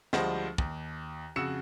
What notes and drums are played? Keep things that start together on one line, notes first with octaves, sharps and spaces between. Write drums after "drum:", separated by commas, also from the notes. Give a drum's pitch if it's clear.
D2 F3 G3 G#3 C5 D#5, drum: snare
D#2, drum: kick
F2 C#3 F#4 E6 C#7 E7